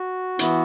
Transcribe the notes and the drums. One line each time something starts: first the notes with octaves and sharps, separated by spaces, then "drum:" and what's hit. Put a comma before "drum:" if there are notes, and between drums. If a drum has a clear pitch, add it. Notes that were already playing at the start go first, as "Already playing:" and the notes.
Already playing: F#4
E3 B3 E4, drum: hi-hat